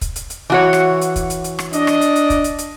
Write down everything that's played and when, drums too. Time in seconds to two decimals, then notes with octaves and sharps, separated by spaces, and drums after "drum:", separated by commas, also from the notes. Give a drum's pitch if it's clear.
0.01 drum: kick, hi-hat
0.16 drum: hi-hat
0.30 drum: hi-hat
0.50 E3 F#4 C#5
0.73 drum: rim click
1.01 drum: hi-hat
1.16 drum: kick, hi-hat
1.30 drum: hi-hat
1.44 drum: hi-hat
1.59 drum: rim click
1.73 D4 D5 D#5, drum: hi-hat
1.87 drum: rim click
2.01 drum: hi-hat
2.16 drum: hi-hat
2.30 drum: kick, hi-hat
2.44 drum: hi-hat
2.59 drum: hi-hat